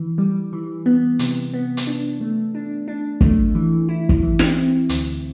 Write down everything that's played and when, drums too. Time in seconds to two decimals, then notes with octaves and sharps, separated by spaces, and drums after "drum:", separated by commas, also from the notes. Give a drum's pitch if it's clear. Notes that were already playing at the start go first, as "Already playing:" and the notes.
Already playing: E3
0.18 G3
0.53 E3
0.86 B3
1.19 C3, drum: hi-hat
1.54 B3
1.77 drum: hi-hat
1.87 D4
2.21 A3
2.55 D4
2.88 D4
3.21 A3, drum: kick
3.55 E3
3.89 E4
4.09 drum: kick
4.23 E3
4.39 drum: snare
4.56 C4
4.89 D2, drum: hi-hat